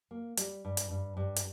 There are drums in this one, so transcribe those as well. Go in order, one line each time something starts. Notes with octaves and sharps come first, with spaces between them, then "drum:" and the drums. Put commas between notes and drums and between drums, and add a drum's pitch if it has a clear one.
A#3
G3, drum: hi-hat
G2
drum: hi-hat
G2
G2
drum: hi-hat